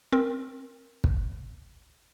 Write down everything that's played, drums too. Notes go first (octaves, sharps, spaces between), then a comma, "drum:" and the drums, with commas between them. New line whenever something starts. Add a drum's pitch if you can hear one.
C4 A#4
drum: kick